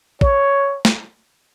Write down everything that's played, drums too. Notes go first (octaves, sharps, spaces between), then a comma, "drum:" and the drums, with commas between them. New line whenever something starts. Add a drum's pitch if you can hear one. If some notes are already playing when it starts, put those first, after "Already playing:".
C#5, drum: kick
drum: snare